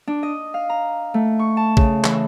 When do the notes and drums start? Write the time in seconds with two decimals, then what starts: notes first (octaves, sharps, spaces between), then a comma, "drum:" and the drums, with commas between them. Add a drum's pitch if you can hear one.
0.07 D4
0.23 D#5
0.54 F5
0.70 A#5
1.14 A3
1.39 C#6
1.57 A5
1.77 C#3, drum: kick
2.04 E3, drum: clap